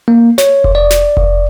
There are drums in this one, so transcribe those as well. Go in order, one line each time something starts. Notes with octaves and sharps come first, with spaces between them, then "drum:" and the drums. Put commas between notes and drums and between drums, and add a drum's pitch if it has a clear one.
A#3
C#5, drum: snare
drum: kick F1
D5
drum: snare
drum: kick F1